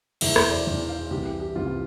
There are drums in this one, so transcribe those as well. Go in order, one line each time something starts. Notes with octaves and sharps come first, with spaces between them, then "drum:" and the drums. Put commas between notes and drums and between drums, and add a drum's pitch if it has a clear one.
E1 E2 E3 E5, drum: cymbal
C5, drum: rim click
D5
E1 E2 E3 D5
F5
C2 C3 E3 G4
G4
G4
C2 C3 E3 F4
F4